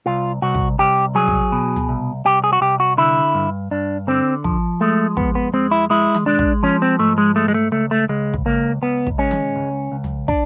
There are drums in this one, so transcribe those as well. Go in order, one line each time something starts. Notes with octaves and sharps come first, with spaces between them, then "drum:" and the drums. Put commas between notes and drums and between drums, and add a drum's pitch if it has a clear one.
C2 F4
C2 F#4
drum: kick
C2 G4
F#3 G#4
drum: kick
B2
drum: tom
C2
C2 G4
G#4
F#4
C2 G4
F#4
D3 E4
G2
G2 D4
D3 C4
F3, drum: kick
G#3 A3
F2 B3, drum: kick
B3
G#3 C4
E4
G#3 E4
drum: tom D#3
G#3 D4
drum: kick
F3 C#4
C4
G#2 A3
G#3
G#3 A3
G#3
A3
C#2 A3
A3
C#2 G#3
drum: kick
C#2 A#3
C#2 B3
drum: kick
G#3 C#4
drum: tom D#3
C#2
C#2
drum: tom
D4, drum: kick